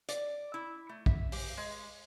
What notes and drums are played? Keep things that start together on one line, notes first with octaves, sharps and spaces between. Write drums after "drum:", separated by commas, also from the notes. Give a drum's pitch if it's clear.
D5, drum: hi-hat
E4
A3
E5, drum: kick A#1
G4, drum: open hi-hat
G#3